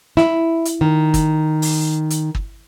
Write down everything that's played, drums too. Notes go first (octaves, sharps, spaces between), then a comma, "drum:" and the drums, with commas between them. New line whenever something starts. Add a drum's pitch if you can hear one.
E4, drum: snare
drum: hi-hat
D#3
drum: kick, hi-hat
drum: open hi-hat
drum: hi-hat
drum: kick